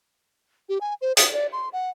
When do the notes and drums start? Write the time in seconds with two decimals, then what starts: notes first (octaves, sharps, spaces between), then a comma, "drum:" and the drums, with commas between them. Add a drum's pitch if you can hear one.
0.69 G4
0.81 G#5
1.01 C5
1.17 D#6, drum: hi-hat
1.33 D5
1.52 C6
1.73 F#5